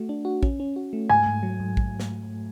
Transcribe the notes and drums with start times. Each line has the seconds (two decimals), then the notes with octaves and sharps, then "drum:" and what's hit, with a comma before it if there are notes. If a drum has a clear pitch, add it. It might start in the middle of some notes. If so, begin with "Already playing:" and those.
Already playing: A3 F#4
0.09 D4
0.25 F#4
0.43 C#4, drum: kick
0.60 C#4
0.76 F#4
0.93 A3
1.09 G#2 G#5
1.26 G#2
1.43 F#3
1.60 G#2
1.77 drum: kick
2.00 drum: snare